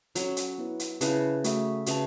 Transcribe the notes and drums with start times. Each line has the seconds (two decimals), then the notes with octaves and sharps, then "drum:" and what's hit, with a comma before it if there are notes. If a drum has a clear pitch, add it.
0.15 F#3 C#4 A4 C#5, drum: hi-hat
0.37 drum: hi-hat
0.58 B3 E4 B4
0.80 drum: hi-hat
1.01 C#3 E4 B4 E5 A5, drum: hi-hat
1.44 A3 F#4 A4 E5, drum: hi-hat
1.86 C#3 F#4 B4 E5 A5, drum: hi-hat